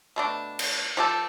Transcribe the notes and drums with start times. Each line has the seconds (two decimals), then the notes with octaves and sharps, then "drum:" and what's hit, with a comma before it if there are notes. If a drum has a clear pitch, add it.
0.16 B2 A3 D4
0.59 drum: cymbal
0.97 F3 G4 A4